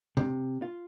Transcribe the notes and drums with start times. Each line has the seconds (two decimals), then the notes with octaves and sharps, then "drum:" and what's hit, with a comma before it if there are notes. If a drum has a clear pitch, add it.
0.17 C3, drum: tom
0.62 F4